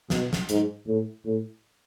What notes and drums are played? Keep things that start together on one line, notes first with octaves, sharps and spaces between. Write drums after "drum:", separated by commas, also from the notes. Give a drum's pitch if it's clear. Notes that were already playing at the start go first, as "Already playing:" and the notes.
B2, drum: snare
drum: snare
G#2, drum: hi-hat
A2
A2